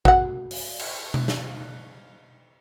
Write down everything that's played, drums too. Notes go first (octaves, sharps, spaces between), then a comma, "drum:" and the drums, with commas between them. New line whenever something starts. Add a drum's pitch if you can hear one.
F#4 F#5, drum: kick A1
drum: open hi-hat
drum: cymbal
drum: tom B2
drum: snare